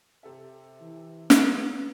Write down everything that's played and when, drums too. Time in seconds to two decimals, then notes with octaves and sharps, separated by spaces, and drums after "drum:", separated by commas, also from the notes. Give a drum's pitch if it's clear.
0.23 C3 A4 E5
0.81 E3
1.30 drum: snare
1.43 B3